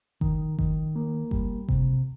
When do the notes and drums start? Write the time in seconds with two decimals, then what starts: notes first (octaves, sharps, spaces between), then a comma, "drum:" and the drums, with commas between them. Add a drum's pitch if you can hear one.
0.21 D#3, drum: kick G1
0.59 D#3, drum: kick G1
0.96 A#3
1.31 G3, drum: kick G1
1.69 C3, drum: kick G1